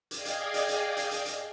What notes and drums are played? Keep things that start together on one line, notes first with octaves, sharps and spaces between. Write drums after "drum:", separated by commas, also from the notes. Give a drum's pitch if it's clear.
G#4 D5 D#5 F5 G5 G#5, drum: hi-hat
drum: hi-hat
drum: hi-hat
drum: hi-hat
drum: hi-hat
drum: hi-hat
drum: hi-hat